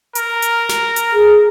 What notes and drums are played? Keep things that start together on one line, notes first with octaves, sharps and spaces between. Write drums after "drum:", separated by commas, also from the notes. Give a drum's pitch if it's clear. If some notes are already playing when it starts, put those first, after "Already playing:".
A#4, drum: hi-hat
drum: hi-hat
drum: snare
drum: hi-hat
G#4